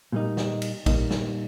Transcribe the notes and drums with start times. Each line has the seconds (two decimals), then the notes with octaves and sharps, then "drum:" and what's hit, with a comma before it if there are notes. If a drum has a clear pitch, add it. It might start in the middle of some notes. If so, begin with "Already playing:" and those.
0.12 A#2 G3 A#3 D#4
0.37 drum: snare
0.62 drum: cymbal
0.86 A#2 G3 A#3 D#4, drum: kick A1, cymbal
1.11 drum: snare